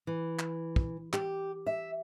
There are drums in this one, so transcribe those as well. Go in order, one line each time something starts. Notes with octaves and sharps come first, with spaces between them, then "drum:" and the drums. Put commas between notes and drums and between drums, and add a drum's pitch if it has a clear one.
E3
drum: clap
drum: kick
G4, drum: clap
E5